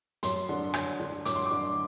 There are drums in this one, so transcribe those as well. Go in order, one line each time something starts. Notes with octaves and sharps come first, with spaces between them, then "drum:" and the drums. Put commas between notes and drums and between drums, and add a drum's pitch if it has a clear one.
F#2 C6, drum: hi-hat
D3
F#2, drum: rim click
D3
F#2 D6, drum: hi-hat
C6
D6
D3